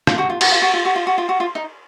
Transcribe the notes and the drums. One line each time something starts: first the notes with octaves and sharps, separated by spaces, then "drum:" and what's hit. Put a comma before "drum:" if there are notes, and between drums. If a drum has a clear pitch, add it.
F4, drum: rim click
F#4
F4
F#4, drum: cymbal
F4
F#4
F4
F#4
F4
F#4
F4
F#4
F4
D#4